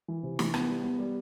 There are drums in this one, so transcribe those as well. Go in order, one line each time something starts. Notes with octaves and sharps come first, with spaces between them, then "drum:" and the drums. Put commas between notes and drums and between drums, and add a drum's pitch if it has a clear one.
E3
C3
E3, drum: snare
B3, drum: rim click
G3
B3
G3